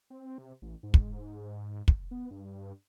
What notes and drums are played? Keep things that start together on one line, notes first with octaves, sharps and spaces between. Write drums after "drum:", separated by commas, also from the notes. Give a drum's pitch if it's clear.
C4
C3
A1
G#2
drum: kick
drum: kick
B3
G2